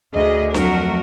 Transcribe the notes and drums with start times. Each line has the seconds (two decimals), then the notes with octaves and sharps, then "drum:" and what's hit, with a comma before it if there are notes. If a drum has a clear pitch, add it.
0.13 D2 G#4 D#5
0.54 F2 F#3 A3 F#4 A#4, drum: snare D4